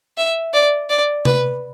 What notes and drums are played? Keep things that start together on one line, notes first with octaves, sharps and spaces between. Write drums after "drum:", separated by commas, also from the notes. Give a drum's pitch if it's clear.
E5
D5
D5
B4, drum: tom C3